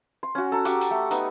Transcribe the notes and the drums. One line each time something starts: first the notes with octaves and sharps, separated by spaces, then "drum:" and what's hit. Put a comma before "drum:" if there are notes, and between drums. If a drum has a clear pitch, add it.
C6
C#4 F#4
A4 A#5
G4 F#5 D6, drum: hi-hat
drum: hi-hat
A3
B3 D#4, drum: hi-hat